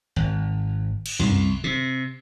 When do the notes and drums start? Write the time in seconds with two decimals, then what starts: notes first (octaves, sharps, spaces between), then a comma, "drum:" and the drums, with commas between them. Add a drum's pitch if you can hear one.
0.16 G#1
1.06 drum: cymbal
1.20 C2, drum: tom F#2
1.64 C3